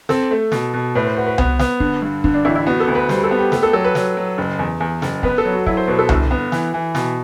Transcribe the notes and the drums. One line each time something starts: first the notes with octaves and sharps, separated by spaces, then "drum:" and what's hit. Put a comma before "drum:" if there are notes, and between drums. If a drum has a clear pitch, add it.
C4 A4, drum: snare
A3
B2, drum: snare
B2
A2 B4
C5
F#4 B4
B4
B3, drum: tom C2
B3, drum: snare
D3, drum: kick
G2
D3, drum: kick
D4
A1 E4
E4
B3 F#4
A4
D2
B4
G3 C5, drum: snare
A4
B3
G4
A3 G4, drum: snare
A4
F#3 A4
B4
F#3, drum: snare
F#3
F#1
E2
E2
F#1, drum: snare
B3 B4, drum: kick
A4
F#3
F#4
F#3 E4, drum: kick
C5
B2 B4
A4
G1 E4, drum: tom C2
B3
E3, drum: snare
E3
B2, drum: snare